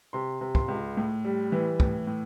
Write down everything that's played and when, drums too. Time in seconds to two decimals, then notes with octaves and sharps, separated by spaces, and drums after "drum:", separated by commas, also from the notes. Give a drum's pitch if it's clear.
0.13 C3 C6
0.41 C3
0.55 C6, drum: kick
0.68 C#2
0.97 A2
1.25 G3
1.52 E3
1.80 A2, drum: kick
2.07 A2